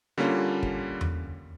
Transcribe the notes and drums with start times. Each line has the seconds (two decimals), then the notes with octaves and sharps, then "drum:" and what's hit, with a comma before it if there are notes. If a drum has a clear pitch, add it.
0.18 D3 G3 A#3 C#4 F4
0.63 drum: kick
1.01 drum: tom E2